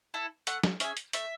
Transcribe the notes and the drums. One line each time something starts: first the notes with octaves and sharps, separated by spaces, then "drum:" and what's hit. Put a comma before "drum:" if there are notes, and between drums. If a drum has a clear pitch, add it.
E4 A4
A3 F#5, drum: hi-hat
drum: snare
C#4 G#4 E5, drum: hi-hat
drum: hi-hat
A3 E5, drum: hi-hat